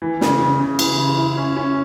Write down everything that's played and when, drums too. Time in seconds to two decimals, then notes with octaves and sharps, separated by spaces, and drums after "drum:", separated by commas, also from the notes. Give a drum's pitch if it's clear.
0.02 E3
0.21 C#3, drum: snare
0.40 C#3
0.60 C#3
0.79 E3, drum: cymbal
0.98 C#3
1.17 E4
1.37 C#4
1.56 C#4